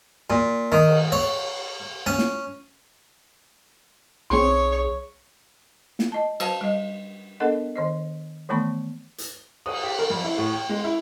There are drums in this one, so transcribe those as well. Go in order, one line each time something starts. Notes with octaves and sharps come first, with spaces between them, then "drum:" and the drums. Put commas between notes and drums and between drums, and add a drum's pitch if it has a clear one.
A#2
D#3
drum: cymbal
C#5
C#4
drum: snare
B1 C4 G#4 C#5 C6
drum: snare
D#5 A5
F#3 F#4 B4 C5 F5 A5, drum: cymbal
G3 D#5
B3 D4 A4 A#4 D#5 F#5
D#3 C5 D#5
D#3 E3 A3 B3 B5 C#6
drum: hi-hat
D#6, drum: cymbal
G4
A#4
F2
E4
A2
G5
G#3
E4